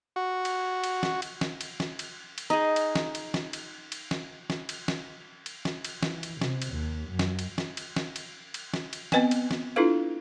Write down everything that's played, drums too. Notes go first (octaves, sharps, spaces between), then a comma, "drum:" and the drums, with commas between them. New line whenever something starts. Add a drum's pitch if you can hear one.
F#4
drum: cymbal
drum: cymbal
drum: snare
drum: cymbal
drum: snare
drum: cymbal
drum: snare
drum: cymbal
drum: cymbal
D#4 G#4
drum: cymbal
drum: snare
drum: cymbal
drum: snare
drum: cymbal
drum: cymbal
drum: snare
drum: snare
drum: cymbal
drum: snare
drum: cymbal
drum: snare
drum: cymbal
E3, drum: snare
drum: cymbal
C3, drum: snare
drum: cymbal
D#2
F#2
drum: snare
drum: cymbal
drum: snare
drum: cymbal
drum: snare
drum: cymbal
drum: cymbal
drum: snare
drum: cymbal
B3 C4 B4 D#5 G5 G#5, drum: snare
drum: cymbal
drum: snare
D4 E4 F4 A4 B4 F5